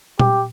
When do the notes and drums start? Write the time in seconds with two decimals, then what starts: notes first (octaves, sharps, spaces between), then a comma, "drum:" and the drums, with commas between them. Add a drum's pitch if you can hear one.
0.20 G4, drum: tom A#2